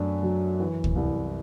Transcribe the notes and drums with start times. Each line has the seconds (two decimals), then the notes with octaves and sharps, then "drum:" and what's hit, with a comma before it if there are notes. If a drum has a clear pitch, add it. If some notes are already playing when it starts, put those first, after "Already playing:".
Already playing: F#2 A3 D4
0.23 F#3
0.60 E3
0.84 drum: kick
0.96 C2